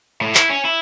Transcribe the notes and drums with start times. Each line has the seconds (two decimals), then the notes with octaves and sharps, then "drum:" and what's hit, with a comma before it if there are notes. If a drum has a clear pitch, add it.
0.21 A2
0.35 E4, drum: clap
0.50 C#4
0.65 E4